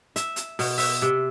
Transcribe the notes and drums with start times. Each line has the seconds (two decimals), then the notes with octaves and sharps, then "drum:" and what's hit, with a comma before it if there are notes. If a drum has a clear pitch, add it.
0.16 E5, drum: hi-hat
0.36 drum: hi-hat
0.59 B2, drum: open hi-hat
0.78 E5, drum: open hi-hat
1.02 C3